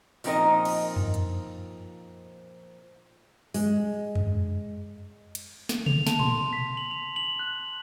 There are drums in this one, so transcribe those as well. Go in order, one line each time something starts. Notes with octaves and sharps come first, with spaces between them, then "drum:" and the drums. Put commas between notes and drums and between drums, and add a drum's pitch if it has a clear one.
A#2 F3 C4 D#4 A#4 D#5, drum: open hi-hat
drum: cymbal
drum: tom F2
drum: hi-hat
G#3, drum: open hi-hat
drum: tom F2
drum: cymbal
drum: snare
F7, drum: tom C3
A5, drum: snare
C6, drum: tom A#2
B6
F#7
F7
F#7
F#6